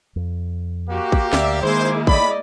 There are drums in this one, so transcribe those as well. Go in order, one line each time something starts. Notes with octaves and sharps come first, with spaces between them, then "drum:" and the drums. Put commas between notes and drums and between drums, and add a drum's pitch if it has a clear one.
F2
A#3 F#4 G4
drum: kick
D2 D5 E5, drum: snare
D#3 G#3 A#3 E4 G#4 C5 D6
A2 D5 D#5 B5, drum: kick